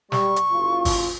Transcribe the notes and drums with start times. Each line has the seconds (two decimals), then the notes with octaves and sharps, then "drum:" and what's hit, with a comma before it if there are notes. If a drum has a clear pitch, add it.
0.12 G3 C#6, drum: snare
0.36 drum: hi-hat
0.52 F#1 F4
0.85 drum: kick, open hi-hat